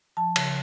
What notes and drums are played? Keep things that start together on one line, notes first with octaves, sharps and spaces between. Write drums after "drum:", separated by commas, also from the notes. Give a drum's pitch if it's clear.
F3 A5
C#3, drum: cymbal